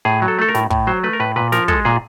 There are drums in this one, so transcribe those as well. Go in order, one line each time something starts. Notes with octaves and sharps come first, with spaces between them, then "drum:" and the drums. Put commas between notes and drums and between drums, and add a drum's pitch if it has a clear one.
A2 G#4
F#3
A4
A3 A4
A#4
A2, drum: snare
A2, drum: kick
F#3 C5
A3 B4
A#4
A2 B4
A#2 B4
F3 A#4, drum: snare
G#3 A4, drum: kick
A#2 G#4